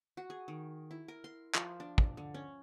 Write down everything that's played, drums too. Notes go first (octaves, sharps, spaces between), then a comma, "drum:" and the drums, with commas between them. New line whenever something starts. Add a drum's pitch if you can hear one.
F#4
G#4
D#3
E4
A#4
C6
F3, drum: clap
D4
drum: kick
D3
C#4